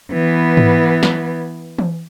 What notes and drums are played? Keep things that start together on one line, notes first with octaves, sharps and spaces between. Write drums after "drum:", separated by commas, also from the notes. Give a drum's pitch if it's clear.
E3 B3
drum: tom G#2
drum: snare
drum: tom E3